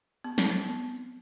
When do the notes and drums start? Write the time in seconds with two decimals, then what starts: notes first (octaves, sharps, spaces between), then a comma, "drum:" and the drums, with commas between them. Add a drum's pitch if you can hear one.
0.24 B3
0.38 C4, drum: snare
0.50 B3
0.65 B3